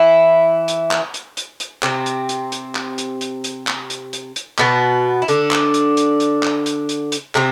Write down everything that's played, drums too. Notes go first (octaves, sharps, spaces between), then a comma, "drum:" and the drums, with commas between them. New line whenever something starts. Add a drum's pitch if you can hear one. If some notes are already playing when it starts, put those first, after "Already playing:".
Already playing: E3 E4
drum: hi-hat
drum: clap
drum: hi-hat
drum: hi-hat
drum: hi-hat
C3 C4, drum: clap
drum: hi-hat
drum: hi-hat
drum: hi-hat
drum: clap
drum: hi-hat
drum: hi-hat
drum: hi-hat
drum: clap
drum: hi-hat
drum: hi-hat
drum: hi-hat
B2 B3, drum: clap
E4
D3 D4, drum: hi-hat
drum: clap
drum: hi-hat
drum: hi-hat
drum: hi-hat
drum: clap
drum: hi-hat
drum: hi-hat
drum: hi-hat
C3 C4, drum: clap